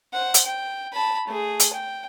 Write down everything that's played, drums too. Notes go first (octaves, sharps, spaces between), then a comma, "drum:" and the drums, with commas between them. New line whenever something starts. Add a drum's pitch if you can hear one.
C5 F#5
drum: hi-hat
G5
A5 B5
A3 G#4
drum: hi-hat
G5